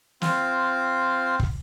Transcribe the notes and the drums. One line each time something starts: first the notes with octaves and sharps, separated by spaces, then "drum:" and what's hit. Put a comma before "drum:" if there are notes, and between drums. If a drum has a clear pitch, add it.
C4 F4, drum: snare
drum: kick